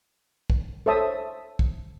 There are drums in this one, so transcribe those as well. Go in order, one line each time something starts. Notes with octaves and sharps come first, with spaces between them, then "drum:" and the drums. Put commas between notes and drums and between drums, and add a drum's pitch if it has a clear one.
drum: kick
A4 C5 C#5 E5 A5 D#6
drum: kick